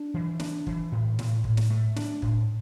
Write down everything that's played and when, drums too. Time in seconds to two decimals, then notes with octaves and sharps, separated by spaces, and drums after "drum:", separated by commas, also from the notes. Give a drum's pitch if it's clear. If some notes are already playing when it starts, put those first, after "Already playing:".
Already playing: D4
0.14 E3
0.40 D4, drum: snare
0.67 E3, drum: kick
0.92 A2
1.19 A2, drum: snare
1.44 A2, drum: kick
1.57 drum: snare
1.70 A3
1.96 D4, drum: snare
2.22 A2, drum: kick